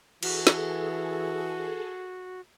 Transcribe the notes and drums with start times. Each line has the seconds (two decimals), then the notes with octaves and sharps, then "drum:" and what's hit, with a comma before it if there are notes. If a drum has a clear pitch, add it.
0.23 E3 F#4 G#4 A4, drum: cymbal
0.47 drum: snare